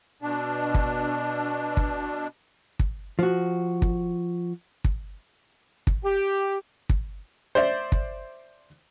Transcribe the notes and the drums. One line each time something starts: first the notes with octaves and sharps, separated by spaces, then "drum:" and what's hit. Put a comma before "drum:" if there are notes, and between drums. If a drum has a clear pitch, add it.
B2 D4
drum: kick
drum: kick
drum: kick
F3 F#4
drum: kick
drum: kick
drum: kick
G4
drum: kick
C5 D5 E5
drum: kick